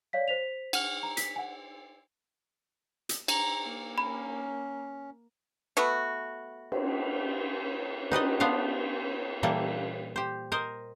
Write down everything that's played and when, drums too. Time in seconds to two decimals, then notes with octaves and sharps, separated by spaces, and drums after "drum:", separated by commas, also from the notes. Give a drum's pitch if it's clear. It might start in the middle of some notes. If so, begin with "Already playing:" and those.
0.13 C#5 D5 F5 B6
0.28 C5 B6 F7
0.73 F#5 F6, drum: cymbal
1.03 A#5
1.17 B6, drum: hi-hat
1.36 F#5 G#5
3.09 drum: hi-hat
3.28 A#5, drum: cymbal
3.65 A#3
3.98 C#4 B5
5.77 A3 B3 F#4
6.72 drum: cymbal
8.11 D#4 B4 D5 D#5, drum: cymbal
8.40 B3 D4 F4 F5
9.43 A#2 E3 G3 A#3 A4
10.16 G4 C5
10.52 A#4 C5 D#5